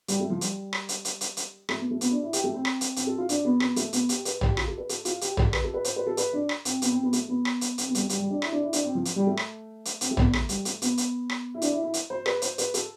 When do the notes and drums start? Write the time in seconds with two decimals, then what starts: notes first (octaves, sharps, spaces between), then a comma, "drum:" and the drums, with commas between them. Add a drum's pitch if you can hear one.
0.08 G3, drum: hi-hat
0.20 A3
0.30 F3
0.41 G3, drum: hi-hat
0.73 drum: rim click
0.89 drum: hi-hat
1.05 drum: hi-hat
1.21 drum: hi-hat
1.37 drum: hi-hat
1.69 A3, drum: rim click
1.79 B3
1.91 A3
2.01 B3, drum: hi-hat
2.11 D4
2.23 E4
2.33 G4, drum: hi-hat
2.44 A3
2.54 C4
2.65 drum: rim click
2.81 drum: hi-hat
2.96 C4, drum: hi-hat
3.07 A4
3.18 F4
3.29 D4, drum: hi-hat
3.45 B3
3.60 B3, drum: rim click
3.76 A3, drum: hi-hat
3.93 B3, drum: hi-hat
4.09 G4, drum: hi-hat
4.25 B4, drum: hi-hat
4.41 G4, drum: tom A#1
4.57 F4, drum: rim click
4.67 A4
4.78 B4
4.89 A4, drum: hi-hat
5.05 F4, drum: hi-hat
5.21 G4, drum: hi-hat
5.37 A4, drum: tom A#1
5.53 B4, drum: rim click
5.64 A4
5.74 B4
5.84 C5, drum: hi-hat
5.96 B4
6.07 A4
6.17 B4, drum: hi-hat
6.33 D4
6.49 drum: rim click
6.65 C4, drum: hi-hat
6.82 B3, drum: hi-hat
6.91 C4
7.03 B3
7.13 A3, drum: hi-hat
7.29 B3
7.45 drum: rim click
7.61 drum: hi-hat
7.78 C4, drum: hi-hat
7.88 B3
7.95 G3, drum: hi-hat
7.98 A3
8.09 G3, drum: hi-hat
8.20 G3
8.30 D4
8.42 E4, drum: rim click
8.52 D4
8.63 E4
8.73 D4, drum: hi-hat
8.84 C4
8.95 F3
9.05 drum: hi-hat
9.16 G3
9.27 A3
9.37 drum: rim click
9.85 drum: hi-hat
10.01 C4, drum: hi-hat
10.11 A3
10.17 B3, drum: tom A#1
10.33 A3, drum: rim click
10.49 G3, drum: hi-hat
10.65 A3, drum: hi-hat
10.82 B3, drum: hi-hat
10.98 drum: hi-hat
11.30 drum: rim click
11.54 E4
11.62 D4, drum: hi-hat
11.72 E4
11.83 E4
11.94 drum: hi-hat
12.10 C5
12.26 B4, drum: rim click
12.42 C5, drum: hi-hat
12.58 B4, drum: hi-hat
12.74 A4, drum: hi-hat